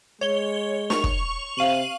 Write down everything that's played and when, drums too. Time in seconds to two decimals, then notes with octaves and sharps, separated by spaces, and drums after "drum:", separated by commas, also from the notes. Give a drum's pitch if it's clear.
0.21 G#3 C#5 G7
0.90 C#6 F7, drum: snare
1.04 drum: kick
1.58 C3 F5 D#7 F#7